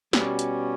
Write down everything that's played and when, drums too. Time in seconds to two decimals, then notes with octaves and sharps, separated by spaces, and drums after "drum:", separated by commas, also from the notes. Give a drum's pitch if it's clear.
0.13 B2 G3 C#4 F#4, drum: snare
0.39 drum: hi-hat